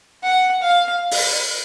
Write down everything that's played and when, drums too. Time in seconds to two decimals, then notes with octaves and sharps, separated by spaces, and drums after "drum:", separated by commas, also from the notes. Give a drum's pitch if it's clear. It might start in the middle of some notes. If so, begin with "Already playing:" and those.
0.23 F#5
0.62 F5
1.11 drum: open hi-hat